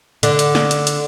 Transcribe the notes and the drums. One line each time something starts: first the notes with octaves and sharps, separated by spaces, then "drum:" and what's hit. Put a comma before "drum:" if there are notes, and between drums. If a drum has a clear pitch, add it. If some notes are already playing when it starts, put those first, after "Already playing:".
D3, drum: hi-hat
drum: hi-hat
drum: snare
drum: hi-hat
drum: hi-hat